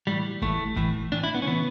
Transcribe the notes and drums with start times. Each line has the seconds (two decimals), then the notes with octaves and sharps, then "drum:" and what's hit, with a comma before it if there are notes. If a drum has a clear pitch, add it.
0.07 A2 E3 G3
0.42 A2 E3 A3, drum: kick
0.76 A2 E3, drum: kick
1.12 A2 E3 D4
1.24 E4
1.35 B3
1.42 C#4
1.46 C#3 E3 B3